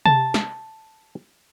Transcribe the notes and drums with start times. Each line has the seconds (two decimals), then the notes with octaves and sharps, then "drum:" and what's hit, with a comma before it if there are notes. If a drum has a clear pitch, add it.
0.06 A5, drum: tom C3
0.34 drum: snare